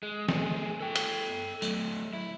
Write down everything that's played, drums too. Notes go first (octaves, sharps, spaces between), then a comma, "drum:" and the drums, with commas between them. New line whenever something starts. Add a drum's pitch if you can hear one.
G#3
A3 G#4, drum: snare
A4 G5
drum: hi-hat
F#3 A3, drum: tambourine
E4